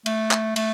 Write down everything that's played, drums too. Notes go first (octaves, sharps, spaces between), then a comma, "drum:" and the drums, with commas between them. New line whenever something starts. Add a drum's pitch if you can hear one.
A3, drum: cymbal
drum: clap
A3, drum: cymbal